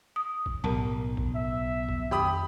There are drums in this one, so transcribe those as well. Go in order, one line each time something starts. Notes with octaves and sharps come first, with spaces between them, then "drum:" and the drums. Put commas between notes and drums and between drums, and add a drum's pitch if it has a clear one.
D#6
drum: kick
B1 A2 A#4 A5
drum: kick
E5
drum: kick
F2 D#3 G4 B5 D#6